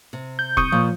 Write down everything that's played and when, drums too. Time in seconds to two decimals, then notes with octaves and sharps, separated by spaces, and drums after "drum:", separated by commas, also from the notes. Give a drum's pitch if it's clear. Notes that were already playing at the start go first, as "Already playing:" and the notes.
0.13 C3
0.39 G6
0.57 C2 C#6 D#6 G6, drum: kick E1
0.72 A#2 F3